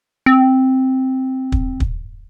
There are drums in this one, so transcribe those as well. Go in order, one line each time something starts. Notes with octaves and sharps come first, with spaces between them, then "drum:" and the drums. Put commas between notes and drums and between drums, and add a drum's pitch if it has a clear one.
C4
drum: kick
drum: kick